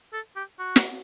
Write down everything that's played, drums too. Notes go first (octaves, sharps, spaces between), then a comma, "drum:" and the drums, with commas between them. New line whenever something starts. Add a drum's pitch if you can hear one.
A4
G4
F#4
drum: snare